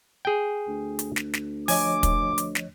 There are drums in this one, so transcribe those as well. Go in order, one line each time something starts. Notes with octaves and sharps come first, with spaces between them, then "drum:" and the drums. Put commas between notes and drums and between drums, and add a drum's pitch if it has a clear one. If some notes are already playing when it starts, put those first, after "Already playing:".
G#4 G5
D2
drum: hi-hat
drum: snare
drum: snare
F3 C#5 D#5 G#5 D6, drum: open hi-hat
drum: kick, hi-hat
drum: hi-hat
drum: snare